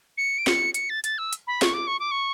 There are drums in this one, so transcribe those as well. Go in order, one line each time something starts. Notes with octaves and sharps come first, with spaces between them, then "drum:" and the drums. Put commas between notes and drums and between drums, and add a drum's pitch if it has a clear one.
C#7
D7
C#7, drum: snare
C#7, drum: hi-hat
A6
A6, drum: hi-hat
E6
drum: hi-hat
B5
C#6, drum: snare
D6
C#6
D6
C#6